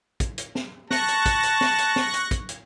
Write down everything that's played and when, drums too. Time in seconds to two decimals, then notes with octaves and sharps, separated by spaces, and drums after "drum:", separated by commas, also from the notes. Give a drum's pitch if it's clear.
0.20 drum: kick, hi-hat
0.38 drum: hi-hat
0.55 drum: snare
0.90 A5 C#6 F#6 A#6, drum: snare
1.08 drum: hi-hat
1.26 drum: kick, hi-hat
1.43 drum: hi-hat
1.61 drum: snare
1.78 drum: hi-hat
1.96 drum: snare
2.14 drum: hi-hat
2.31 drum: kick, hi-hat
2.49 drum: hi-hat